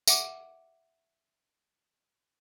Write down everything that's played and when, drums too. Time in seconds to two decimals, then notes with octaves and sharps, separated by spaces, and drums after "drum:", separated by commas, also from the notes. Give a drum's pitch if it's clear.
0.07 E5 F#5 D6, drum: tambourine